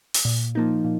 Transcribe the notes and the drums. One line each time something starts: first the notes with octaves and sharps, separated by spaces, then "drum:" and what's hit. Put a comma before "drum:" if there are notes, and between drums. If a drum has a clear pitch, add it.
drum: open hi-hat
A#2
F3 A#3 D#4
A#2